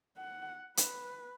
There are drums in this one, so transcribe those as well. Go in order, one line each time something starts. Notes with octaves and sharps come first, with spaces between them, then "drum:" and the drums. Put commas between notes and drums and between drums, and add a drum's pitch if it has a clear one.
F#5
B4, drum: hi-hat